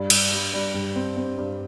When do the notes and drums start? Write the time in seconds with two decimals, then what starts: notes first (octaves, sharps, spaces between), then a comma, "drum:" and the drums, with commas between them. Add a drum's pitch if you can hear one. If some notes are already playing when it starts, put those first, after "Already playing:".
Already playing: G2 G3
0.10 G3, drum: cymbal
0.31 G3
0.54 G3
0.74 G2
0.96 C4
1.17 C4
1.38 G2